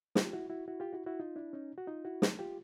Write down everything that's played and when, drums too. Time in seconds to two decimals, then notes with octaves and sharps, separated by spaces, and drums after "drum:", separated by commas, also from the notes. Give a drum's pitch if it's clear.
0.15 F4 G4, drum: snare
0.33 E4 F#4
0.50 E4 F#4
0.68 E4 F#4
0.80 F4 G4
0.93 E4 F#4
1.07 E4 F#4
1.20 D#4 F4
1.36 D4 E4
1.53 C#4 D#4
1.78 F#4
1.87 D#4 F4
2.05 E4 F#4
2.22 drum: snare
2.39 F4 G4